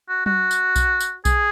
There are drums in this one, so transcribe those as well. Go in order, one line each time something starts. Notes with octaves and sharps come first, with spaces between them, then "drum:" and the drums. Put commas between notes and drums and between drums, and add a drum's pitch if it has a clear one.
F#4
F#4, drum: tom F#3
drum: tambourine
drum: kick B1, tambourine
drum: tambourine
G#4, drum: kick B1, tambourine